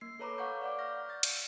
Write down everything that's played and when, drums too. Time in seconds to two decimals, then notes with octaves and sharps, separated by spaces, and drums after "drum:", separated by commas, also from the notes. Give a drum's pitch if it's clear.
0.01 A#3 C7
0.19 A4 B4 C#5 A#5 B5 D6
0.38 F5 F#5 C#6 G6
0.61 D5 F5 F#5 D6
0.79 F6 G6 A#6
1.09 G6 A6
1.23 drum: cymbal